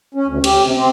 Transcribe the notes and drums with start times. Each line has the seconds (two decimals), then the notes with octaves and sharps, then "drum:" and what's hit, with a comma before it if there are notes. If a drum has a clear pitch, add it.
0.15 C#4
0.27 D2
0.44 G4, drum: cymbal
0.62 C3
0.76 C4